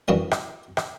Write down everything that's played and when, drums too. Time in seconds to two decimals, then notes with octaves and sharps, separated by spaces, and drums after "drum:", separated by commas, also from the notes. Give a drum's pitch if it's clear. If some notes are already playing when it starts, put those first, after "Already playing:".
0.08 F#2 E3 G3 D4 F#4
0.31 drum: rim click
0.77 drum: rim click